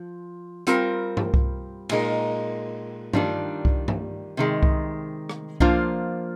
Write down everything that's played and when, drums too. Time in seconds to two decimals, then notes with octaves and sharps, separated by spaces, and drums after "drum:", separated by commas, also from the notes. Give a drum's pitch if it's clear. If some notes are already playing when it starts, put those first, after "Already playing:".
Already playing: F3
0.67 G3 C4 F4 A#4, drum: hi-hat
1.17 drum: tom
1.34 drum: kick C2
1.89 A#2 G#3 D#4 A#4, drum: cymbal
3.13 D#3 G3 D4 F4, drum: tom
3.65 drum: kick C2
3.88 drum: tom
4.37 C3 D#3 G#3
4.63 drum: kick C2
5.29 drum: rim click
5.60 F3 A#3 D4 F4 C5, drum: kick C2